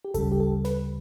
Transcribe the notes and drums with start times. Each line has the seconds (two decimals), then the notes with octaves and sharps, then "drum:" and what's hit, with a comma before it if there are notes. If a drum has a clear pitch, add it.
0.05 G4
0.14 D2 C#3 G3 A4, drum: kick G#1, hi-hat
0.32 G4
0.40 A4
0.65 B4, drum: snare